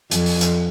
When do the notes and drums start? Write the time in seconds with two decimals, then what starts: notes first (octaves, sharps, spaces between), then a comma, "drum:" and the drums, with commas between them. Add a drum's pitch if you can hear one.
0.11 F2, drum: hi-hat
0.26 drum: open hi-hat
0.41 drum: hi-hat